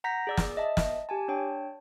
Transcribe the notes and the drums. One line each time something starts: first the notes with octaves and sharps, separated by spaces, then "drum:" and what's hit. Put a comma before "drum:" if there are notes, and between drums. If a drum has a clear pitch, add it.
F#5 A#5 G6 A#6 B6
G#4 D5 E6
drum: snare
D#5 E5 A5
drum: snare
G4 G#5 A5
D4 C#5 G5 A5